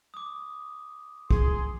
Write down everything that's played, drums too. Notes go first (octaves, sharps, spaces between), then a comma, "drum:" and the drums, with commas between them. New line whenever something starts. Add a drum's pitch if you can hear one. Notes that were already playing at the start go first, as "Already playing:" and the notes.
D6 D#6
G#4 C6, drum: kick